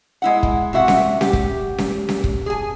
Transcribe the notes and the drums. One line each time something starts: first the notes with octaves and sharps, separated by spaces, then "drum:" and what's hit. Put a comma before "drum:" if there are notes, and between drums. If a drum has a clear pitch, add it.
G#3 E4 F#5
drum: kick
C3 F#4 E5 F#5
drum: snare C#4
G4, drum: snare C#4
drum: kick
drum: snare C#4
drum: snare C#4
drum: kick
G#4 G#5